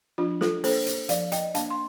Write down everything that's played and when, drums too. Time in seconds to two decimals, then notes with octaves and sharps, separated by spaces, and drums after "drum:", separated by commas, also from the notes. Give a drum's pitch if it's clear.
0.18 F3 D4 F4
0.41 F4 A4, drum: snare
0.64 A#3 D4 A4 C5, drum: open hi-hat
0.86 drum: hi-hat
1.09 F3 D5 F5, drum: hi-hat
1.32 D#5 G5, drum: hi-hat
1.55 A#3 D4 F5 A5, drum: hi-hat
1.70 C6